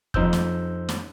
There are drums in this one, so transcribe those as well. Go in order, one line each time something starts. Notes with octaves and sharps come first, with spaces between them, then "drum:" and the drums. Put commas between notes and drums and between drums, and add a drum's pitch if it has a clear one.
F2 D#4 C5 E6 G6, drum: kick
drum: snare
drum: snare